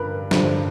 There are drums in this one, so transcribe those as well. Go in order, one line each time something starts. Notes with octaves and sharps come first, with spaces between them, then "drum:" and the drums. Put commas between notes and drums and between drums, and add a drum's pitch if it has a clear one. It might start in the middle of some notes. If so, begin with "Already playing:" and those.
Already playing: G2 D3 F3 A#4 B4
G2 D3 F3 C5, drum: snare